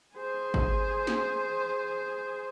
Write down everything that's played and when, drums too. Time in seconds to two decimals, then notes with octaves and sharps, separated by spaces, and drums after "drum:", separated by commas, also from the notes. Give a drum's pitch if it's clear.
0.16 G#4 C5
0.54 drum: kick G#1
1.07 drum: snare